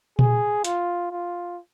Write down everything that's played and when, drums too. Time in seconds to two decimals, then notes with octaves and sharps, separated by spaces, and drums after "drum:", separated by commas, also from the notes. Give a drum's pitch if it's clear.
0.19 G#4, drum: tom A#2
0.64 F4, drum: hi-hat
1.11 F4